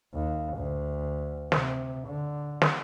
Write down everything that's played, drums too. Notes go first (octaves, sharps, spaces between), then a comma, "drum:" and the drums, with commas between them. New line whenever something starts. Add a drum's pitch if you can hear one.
D#2
D2
C3, drum: snare
D3
drum: snare